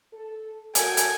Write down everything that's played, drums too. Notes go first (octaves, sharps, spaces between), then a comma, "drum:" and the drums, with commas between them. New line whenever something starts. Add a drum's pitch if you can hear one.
A4
F#4 A4 A#4 G5 G#5, drum: hi-hat
drum: hi-hat